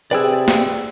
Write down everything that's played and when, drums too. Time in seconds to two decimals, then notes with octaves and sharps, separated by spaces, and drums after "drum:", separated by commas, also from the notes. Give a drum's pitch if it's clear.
0.11 C3 G#4 B4 D5 G5 E6
0.48 drum: snare